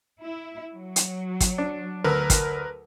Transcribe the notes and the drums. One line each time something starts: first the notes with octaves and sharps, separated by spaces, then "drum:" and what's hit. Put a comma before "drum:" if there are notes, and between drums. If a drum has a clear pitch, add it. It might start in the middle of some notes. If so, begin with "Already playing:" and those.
E4
F#3
drum: hi-hat
drum: kick, hi-hat
D4
D2 A#4 B4 E6
drum: kick, hi-hat